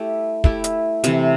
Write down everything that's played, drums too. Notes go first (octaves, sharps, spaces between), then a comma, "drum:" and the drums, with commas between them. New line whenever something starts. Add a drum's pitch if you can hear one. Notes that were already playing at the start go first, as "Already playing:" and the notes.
Already playing: A3 E4 G4
A3 E4 G4, drum: kick
drum: hi-hat
C3 E3 A3, drum: hi-hat